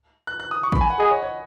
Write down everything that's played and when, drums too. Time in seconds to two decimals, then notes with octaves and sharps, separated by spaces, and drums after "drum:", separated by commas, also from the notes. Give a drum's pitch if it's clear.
0.27 F#6
0.40 F#6
0.51 D#6
0.63 C#6
0.72 B5, drum: kick A1
0.81 G#5
0.90 F#5
0.99 G#4 D#5
1.11 C#5
1.22 C#5